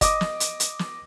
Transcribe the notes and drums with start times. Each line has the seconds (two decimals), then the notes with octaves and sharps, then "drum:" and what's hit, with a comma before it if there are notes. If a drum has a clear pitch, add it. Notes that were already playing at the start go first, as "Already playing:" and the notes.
0.01 D#5 D6, drum: kick, hi-hat
0.21 drum: snare
0.40 drum: hi-hat
0.60 drum: hi-hat
0.79 drum: snare